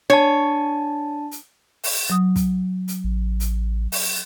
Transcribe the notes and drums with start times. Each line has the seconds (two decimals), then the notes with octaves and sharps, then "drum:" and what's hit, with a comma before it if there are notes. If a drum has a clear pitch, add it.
0.10 D4 C#5 A5
1.31 drum: hi-hat
1.84 drum: open hi-hat
2.10 F#3 D#6
2.36 drum: kick, hi-hat
2.88 drum: hi-hat
3.04 A1
3.40 drum: hi-hat
3.92 drum: open hi-hat